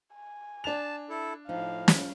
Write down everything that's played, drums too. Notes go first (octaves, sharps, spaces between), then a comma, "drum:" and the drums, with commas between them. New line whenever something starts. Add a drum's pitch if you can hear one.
G#5
D4 A5 F7
E4 A4
A2 F3 D#4 F5
drum: snare